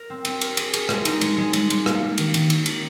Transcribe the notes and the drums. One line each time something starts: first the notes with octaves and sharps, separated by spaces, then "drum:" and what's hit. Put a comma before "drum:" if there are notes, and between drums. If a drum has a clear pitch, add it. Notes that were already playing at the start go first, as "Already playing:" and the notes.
Already playing: A#4
C4
C4, drum: cymbal
A#4, drum: cymbal
G#4, drum: cymbal
G#4, drum: cymbal
G#3, drum: rim click
D#4, drum: cymbal
G#3, drum: cymbal
G#3
G#3, drum: cymbal
G#3, drum: cymbal
A#3, drum: rim click
A#3
D#3, drum: cymbal
D#3, drum: cymbal
D#4, drum: cymbal
D#4, drum: cymbal